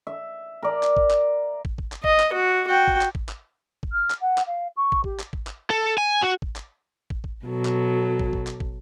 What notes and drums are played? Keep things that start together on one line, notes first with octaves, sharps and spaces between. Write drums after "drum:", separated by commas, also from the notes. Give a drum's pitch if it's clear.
E5
A#4 D5
drum: clap
drum: kick
drum: clap
drum: kick
drum: kick
drum: clap
D#5, drum: kick
drum: clap
F#4
F#4 G5
drum: kick
drum: clap
drum: kick
drum: clap
drum: kick
F6
drum: clap
F#5
drum: clap
F5
C#6
drum: kick
G4, drum: kick
drum: clap
drum: kick
drum: clap
A4
G#5
F#4
drum: kick
drum: clap
drum: kick
drum: kick
B2 F#3 A4
drum: clap
drum: kick
drum: kick
drum: clap
drum: kick